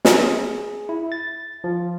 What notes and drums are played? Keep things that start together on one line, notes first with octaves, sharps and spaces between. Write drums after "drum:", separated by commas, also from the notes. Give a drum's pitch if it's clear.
G#4, drum: snare
E4
A6
F3